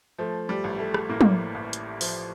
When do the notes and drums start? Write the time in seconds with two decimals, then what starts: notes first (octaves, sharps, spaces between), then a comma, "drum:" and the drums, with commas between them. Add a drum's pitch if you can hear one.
0.19 F3 A3
0.49 G3
0.64 A1
0.79 A3
0.94 drum: rim click
1.09 A2 A#3
1.21 drum: tom
1.55 A1
1.73 drum: hi-hat
2.01 F3, drum: open hi-hat